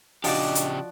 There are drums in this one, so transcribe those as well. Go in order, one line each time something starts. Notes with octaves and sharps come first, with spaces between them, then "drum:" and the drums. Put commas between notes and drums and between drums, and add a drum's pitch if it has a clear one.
C#3 F3 D4 F#4 G4 D5 D#5, drum: open hi-hat
drum: hi-hat